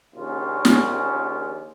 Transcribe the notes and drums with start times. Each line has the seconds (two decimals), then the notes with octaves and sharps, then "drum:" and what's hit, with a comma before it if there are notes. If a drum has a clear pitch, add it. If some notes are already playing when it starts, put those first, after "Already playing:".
0.14 A#1 D#2 A#2 C#3 C#4 F4
0.65 drum: snare